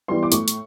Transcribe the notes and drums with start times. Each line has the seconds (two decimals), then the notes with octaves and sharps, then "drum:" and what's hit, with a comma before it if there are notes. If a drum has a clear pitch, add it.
0.08 E3 G3 B3 C6
0.23 D6
0.32 A2 C#6, drum: hi-hat
0.48 drum: hi-hat